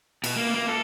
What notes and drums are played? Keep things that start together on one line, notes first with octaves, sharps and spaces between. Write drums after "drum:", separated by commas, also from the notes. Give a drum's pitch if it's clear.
B2, drum: cymbal
A#3
A#3
A4